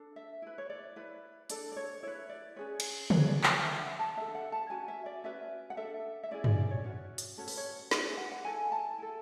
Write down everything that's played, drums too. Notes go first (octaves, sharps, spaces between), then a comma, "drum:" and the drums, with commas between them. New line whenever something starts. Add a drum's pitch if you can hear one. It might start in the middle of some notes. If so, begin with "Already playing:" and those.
Already playing: D4 A4
E5
E4 B4
C#5
D5
E4 B4
D4 A4 D5, drum: hi-hat
D5
C#5
E4 B4 C#5
D5
C#4 G#4 B4 C#5
drum: cymbal
E4 G#4 B4 D5, drum: tom
C#5
D5
drum: clap
D4 A4 E5
F#5
A5
D4 A4 E5
F#5
A5
C#4 F#4 G#5
E5
D5
C#4 F#4 B4 E5
F#5
D4 A4 E5
E5
C#4 E4 G#4 D5
D5, drum: tom
D5
C#5
C#4 F#4 B4
drum: hi-hat
C#4 F#4 A4 C#5
B4, drum: open hi-hat
C#5
D4 G#4 B4, drum: snare
D5
F#5
F#5
E4 A4 G#5
A5
E4 A4